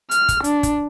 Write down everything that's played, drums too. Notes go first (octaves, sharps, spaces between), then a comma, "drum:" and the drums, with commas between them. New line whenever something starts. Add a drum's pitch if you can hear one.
F6, drum: hi-hat
drum: kick, hi-hat
D4, drum: hi-hat
drum: kick, hi-hat